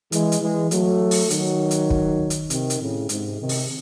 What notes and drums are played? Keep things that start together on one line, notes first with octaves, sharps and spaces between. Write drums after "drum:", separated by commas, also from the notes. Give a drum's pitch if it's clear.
E3 G#3, drum: hi-hat
drum: hi-hat
E3 G#3
F#3 A3, drum: hi-hat
drum: open hi-hat
D#3 F#3, drum: hi-hat
drum: hi-hat
drum: kick
drum: hi-hat
C3 D#3, drum: hi-hat
drum: hi-hat
A2 C#3
G#2 C3, drum: hi-hat
C3 D#3
drum: open hi-hat